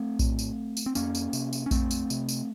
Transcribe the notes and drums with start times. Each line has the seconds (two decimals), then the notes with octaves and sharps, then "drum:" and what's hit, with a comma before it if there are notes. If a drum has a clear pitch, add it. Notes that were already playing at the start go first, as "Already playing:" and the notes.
Already playing: A3 C4
0.19 A2, drum: kick A#1, tambourine
0.39 drum: tambourine
0.77 drum: tambourine
0.86 C4
0.95 F2 A#3 C#4, drum: tambourine
1.15 drum: tambourine
1.33 C3, drum: tambourine
1.53 drum: tambourine
1.66 C#4
1.71 F2 A3 C4, drum: kick A#1, tambourine
1.91 drum: tambourine
2.10 C3, drum: tambourine
2.29 drum: tambourine